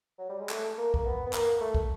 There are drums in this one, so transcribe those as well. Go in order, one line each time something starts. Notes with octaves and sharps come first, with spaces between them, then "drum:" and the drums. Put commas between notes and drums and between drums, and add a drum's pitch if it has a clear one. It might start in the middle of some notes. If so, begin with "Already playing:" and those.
F#3
G3
G#3
A3, drum: clap
A#3
A#3, drum: kick
B3
B3
A#3, drum: clap
A3
drum: kick